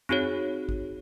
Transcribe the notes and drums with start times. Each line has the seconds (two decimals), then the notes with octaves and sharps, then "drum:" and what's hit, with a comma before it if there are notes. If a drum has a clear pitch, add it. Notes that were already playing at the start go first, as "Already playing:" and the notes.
0.09 C4 D#4 F#4 G#4 C#5, drum: tom F#2
0.69 drum: kick